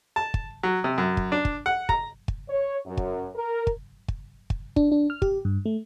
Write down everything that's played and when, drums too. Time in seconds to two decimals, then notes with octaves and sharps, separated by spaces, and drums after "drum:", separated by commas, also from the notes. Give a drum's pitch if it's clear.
0.16 A5
0.34 drum: kick
0.63 F#3
0.84 C3
0.98 F#2
1.17 drum: kick
1.32 D4
1.45 drum: kick
1.66 F#5
1.89 A#5, drum: kick
2.28 drum: kick
2.48 C#5
2.85 F#2
2.97 drum: kick
3.35 A#4
3.67 drum: kick
4.08 drum: kick
4.50 drum: kick
4.76 D4, drum: kick
4.92 D4
5.10 F6
5.22 G4, drum: kick
5.45 G2
5.66 A3